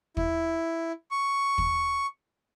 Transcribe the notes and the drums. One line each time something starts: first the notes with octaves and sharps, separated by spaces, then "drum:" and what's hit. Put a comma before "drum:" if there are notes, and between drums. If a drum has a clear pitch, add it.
E4, drum: kick
C#6
drum: kick